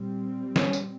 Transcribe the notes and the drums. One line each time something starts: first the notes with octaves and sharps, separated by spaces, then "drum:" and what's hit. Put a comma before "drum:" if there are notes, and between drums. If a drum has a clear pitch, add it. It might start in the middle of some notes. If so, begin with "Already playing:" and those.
Already playing: A#2 G3 C4
C#4, drum: snare
drum: tambourine